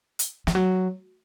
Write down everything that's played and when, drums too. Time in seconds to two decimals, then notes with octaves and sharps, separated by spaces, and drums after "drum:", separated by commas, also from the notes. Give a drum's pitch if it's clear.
0.19 drum: hi-hat
0.47 F3, drum: snare
0.55 F#3